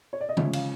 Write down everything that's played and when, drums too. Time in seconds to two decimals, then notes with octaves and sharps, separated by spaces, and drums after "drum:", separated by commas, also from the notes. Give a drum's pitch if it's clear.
0.13 C#5
0.21 D5
0.29 D#5
0.37 C#3 F3 G#3 C#4 E5, drum: tom
0.53 F5, drum: cymbal